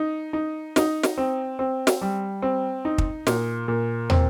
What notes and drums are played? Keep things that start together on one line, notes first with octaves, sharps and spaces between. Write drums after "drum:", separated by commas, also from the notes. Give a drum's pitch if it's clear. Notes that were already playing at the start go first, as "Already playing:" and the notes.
Already playing: D#4
D#4
D#4, drum: snare
drum: snare
C4
C4
drum: snare
G3
C4
D#4
drum: kick
A#2, drum: snare
A#2
C4, drum: tom